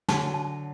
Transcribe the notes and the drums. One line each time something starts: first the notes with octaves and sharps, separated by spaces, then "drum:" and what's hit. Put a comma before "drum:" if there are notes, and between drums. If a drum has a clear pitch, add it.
D3 F#3 A5, drum: snare
A5